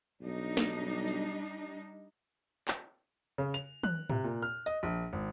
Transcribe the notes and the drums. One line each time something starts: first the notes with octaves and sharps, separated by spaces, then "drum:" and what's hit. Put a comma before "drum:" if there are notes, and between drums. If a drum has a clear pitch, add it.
B1 G3 D4 D#4
drum: snare
drum: hi-hat
drum: clap
C#3
F7, drum: hi-hat
F#6, drum: tom
C3, drum: tom G#2
A#2
F6
D#5, drum: hi-hat
A#1
G#1